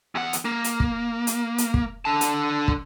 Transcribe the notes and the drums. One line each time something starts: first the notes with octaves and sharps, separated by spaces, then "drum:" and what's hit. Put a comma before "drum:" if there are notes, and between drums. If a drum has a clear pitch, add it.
E2 F#5
drum: hi-hat
A#3
drum: hi-hat
drum: kick
drum: hi-hat
drum: hi-hat
drum: kick
D3 A5
drum: hi-hat
drum: kick